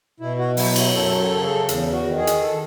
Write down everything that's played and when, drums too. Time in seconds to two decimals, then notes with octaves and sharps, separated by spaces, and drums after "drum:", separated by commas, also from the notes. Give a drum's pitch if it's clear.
0.20 B2 E4
0.39 F#4
0.57 F#3 E4, drum: open hi-hat
0.76 E4, drum: cymbal
0.94 F#2 A4
1.19 A4
1.31 C#3
1.44 A4
1.69 E2, drum: hi-hat
1.93 F#4
2.06 D#3
2.17 G#4
2.27 drum: hi-hat
2.42 A4